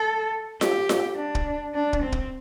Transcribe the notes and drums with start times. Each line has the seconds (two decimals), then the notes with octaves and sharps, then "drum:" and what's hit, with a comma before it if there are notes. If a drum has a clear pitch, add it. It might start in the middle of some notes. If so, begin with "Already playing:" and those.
Already playing: A4
0.61 G4, drum: snare F4
0.89 drum: snare F4
1.17 D4
1.35 drum: kick
1.74 D4
1.93 drum: kick
2.03 C4
2.12 drum: kick